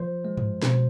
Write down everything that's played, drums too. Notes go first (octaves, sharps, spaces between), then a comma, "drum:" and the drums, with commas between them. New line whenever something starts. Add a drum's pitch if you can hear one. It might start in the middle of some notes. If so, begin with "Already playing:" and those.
Already playing: F3 C5
G#3
drum: tom G2
B2 C5, drum: snare